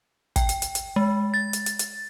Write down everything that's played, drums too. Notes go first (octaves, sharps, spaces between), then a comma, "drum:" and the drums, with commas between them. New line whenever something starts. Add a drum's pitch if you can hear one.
G5, drum: kick, hi-hat
drum: hi-hat
drum: hi-hat
drum: hi-hat
G#3
A6
drum: hi-hat
drum: hi-hat
drum: hi-hat